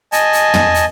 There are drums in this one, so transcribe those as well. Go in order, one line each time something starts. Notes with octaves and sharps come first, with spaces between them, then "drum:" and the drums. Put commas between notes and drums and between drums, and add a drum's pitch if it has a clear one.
D#5 G#5 A5, drum: hi-hat
drum: hi-hat
drum: tom
drum: hi-hat